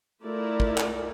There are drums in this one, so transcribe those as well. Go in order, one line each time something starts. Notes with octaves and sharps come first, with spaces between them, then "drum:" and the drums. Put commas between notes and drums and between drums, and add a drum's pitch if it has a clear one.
A3 E4 F4 A#4 D5
drum: kick
drum: clap